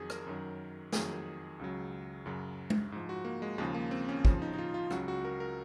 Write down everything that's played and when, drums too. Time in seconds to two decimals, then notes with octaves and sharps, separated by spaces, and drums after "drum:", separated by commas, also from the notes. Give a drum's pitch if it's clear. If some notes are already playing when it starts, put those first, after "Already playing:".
Already playing: F2 D#3 F#3 G#4
0.10 A#4, drum: rim click
0.27 F#2 D#3 F#3
0.93 F2 D#3 F#3 G#4, drum: snare
1.59 C#2 C#3 F#3
2.26 F#2 C#3 F#3
2.70 drum: tom G#3
2.92 G#2 F3
3.09 F#4
3.25 A#3
3.42 G#3
3.58 D#2 C#3 F3 G#3
3.74 A#3
3.91 C4
4.09 C#4
4.25 D#2 C#3 F3 C#4, drum: kick
4.42 D#4
4.54 D#4
4.58 F4
4.74 F4
4.91 C#2 C#3 F#3 F#4, drum: rim click
5.08 F#4
5.25 A#4
5.40 A#4